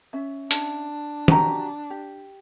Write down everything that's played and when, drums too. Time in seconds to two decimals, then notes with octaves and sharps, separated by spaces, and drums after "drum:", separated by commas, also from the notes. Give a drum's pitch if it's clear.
0.13 C#4 E5
0.51 D4, drum: hi-hat
1.28 F#4 G4 A#5, drum: tom
1.90 G4